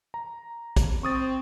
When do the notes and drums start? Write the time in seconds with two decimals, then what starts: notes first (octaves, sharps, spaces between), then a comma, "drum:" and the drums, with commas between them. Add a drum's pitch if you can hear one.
0.14 A#5
0.76 drum: kick, hi-hat
1.03 C4 C#6 D#6 A6